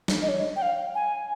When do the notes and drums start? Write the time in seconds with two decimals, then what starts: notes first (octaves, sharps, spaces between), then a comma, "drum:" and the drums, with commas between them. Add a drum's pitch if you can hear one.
0.08 drum: snare
0.22 D#5
0.28 C#5
0.56 G5
0.62 F5
0.95 G#5